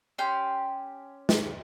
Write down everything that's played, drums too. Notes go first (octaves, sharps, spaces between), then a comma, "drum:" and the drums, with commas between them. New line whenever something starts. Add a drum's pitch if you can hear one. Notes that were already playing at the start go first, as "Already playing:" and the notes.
C#4 G4 C6 G6
drum: snare